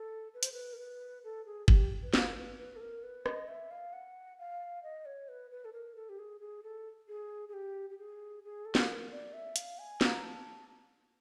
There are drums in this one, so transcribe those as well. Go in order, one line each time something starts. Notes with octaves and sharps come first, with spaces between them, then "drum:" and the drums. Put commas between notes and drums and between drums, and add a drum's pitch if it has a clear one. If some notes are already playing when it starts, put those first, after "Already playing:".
Already playing: A4
B4
C5, drum: hi-hat
B4
A#4
B4
A4
G#4
G4, drum: kick
B4
C5, drum: snare
A#4
B4
B4
A4
A#4
B4
D#5, drum: rim click
E5
F5
F#5
F5
D#5
C#5
B4
B4
A4
A#4
A4
G4
G#4
G#4
A4
G#4
G#4
G4
G4
G#4
G#4
A4
drum: snare
A#4
D5
E5
F5, drum: hi-hat
G#5
A#5, drum: snare
A5